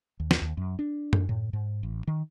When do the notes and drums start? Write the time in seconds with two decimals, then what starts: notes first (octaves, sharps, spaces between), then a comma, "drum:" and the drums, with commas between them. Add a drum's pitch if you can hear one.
0.20 D#2
0.31 drum: snare
0.42 D#2
0.57 F#2
0.79 D4
1.13 drum: tom F#2
1.29 A2
1.53 G#2
1.83 A1
2.07 D#3